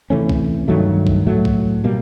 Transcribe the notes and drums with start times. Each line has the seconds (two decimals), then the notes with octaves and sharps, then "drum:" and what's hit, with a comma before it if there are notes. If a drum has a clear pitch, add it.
0.10 C3 E3 A3 C#4
0.29 drum: kick B1
0.68 G2 D#3 F#3 A3
1.07 drum: kick B1
1.26 A2 F#3 A3
1.45 drum: kick B1
1.84 B2 G3 A#3